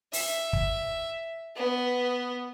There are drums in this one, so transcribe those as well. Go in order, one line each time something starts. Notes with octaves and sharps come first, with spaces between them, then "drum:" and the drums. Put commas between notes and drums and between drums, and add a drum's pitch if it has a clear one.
E5, drum: open hi-hat
drum: kick
B3